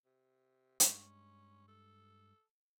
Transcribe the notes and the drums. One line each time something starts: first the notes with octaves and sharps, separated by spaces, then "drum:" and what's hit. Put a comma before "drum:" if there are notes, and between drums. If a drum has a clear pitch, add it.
C3
G2 G#3 C#4, drum: hi-hat
A4